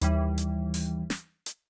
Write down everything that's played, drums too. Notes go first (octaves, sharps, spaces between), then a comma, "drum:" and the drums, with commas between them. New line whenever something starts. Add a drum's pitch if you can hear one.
D#2 E3 G3, drum: hi-hat
drum: hi-hat
drum: open hi-hat
drum: snare
drum: hi-hat